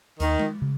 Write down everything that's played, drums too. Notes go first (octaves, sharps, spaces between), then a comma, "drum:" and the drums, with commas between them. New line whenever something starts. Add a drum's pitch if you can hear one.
D#2 D#3, drum: hi-hat
drum: tom G#3
C#3